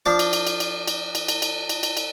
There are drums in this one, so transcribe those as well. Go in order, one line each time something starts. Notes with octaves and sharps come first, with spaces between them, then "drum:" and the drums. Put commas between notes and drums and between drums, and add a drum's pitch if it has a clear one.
F3 D4 D6
drum: cymbal
drum: cymbal
drum: cymbal
drum: cymbal
drum: cymbal
drum: cymbal
drum: cymbal
drum: cymbal
drum: cymbal
drum: cymbal
drum: cymbal